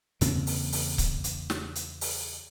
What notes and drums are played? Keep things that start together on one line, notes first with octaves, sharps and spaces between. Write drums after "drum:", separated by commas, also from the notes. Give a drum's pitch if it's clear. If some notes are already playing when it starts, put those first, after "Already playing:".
E2 C#3 A#3 C4, drum: hi-hat
drum: open hi-hat
drum: open hi-hat
drum: kick C#1, hi-hat
drum: hi-hat
drum: snare
drum: hi-hat
drum: open hi-hat